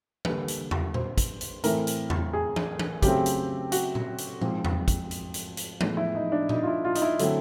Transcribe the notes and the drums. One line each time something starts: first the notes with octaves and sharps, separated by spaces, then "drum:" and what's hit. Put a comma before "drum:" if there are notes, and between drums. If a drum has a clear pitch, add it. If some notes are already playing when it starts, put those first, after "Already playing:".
D3 G3 A#3 B4, drum: tom E3
drum: hi-hat
drum: tom E2
C5, drum: tom A#2
drum: kick, hi-hat
drum: hi-hat
A2 E3 A3 C4 A#4, drum: hi-hat
drum: hi-hat
drum: tom E2
G#4
drum: tom E3
drum: tom E3
C#3 F#3 A3 C4 G4, drum: kick, hi-hat
drum: hi-hat
F#4, drum: hi-hat
drum: tom A#2
drum: hi-hat
G#2 F3 G#3 C4, drum: tom A#2
drum: tom E2
drum: kick, hi-hat
drum: hi-hat
drum: hi-hat
drum: hi-hat
A2 F3 G#3 B3, drum: tom E3
E4
D#4
D4
D#4, drum: tom A#2
F4
E4
F4
D#4, drum: hi-hat
E4
D3 F#3 A3 C4, drum: hi-hat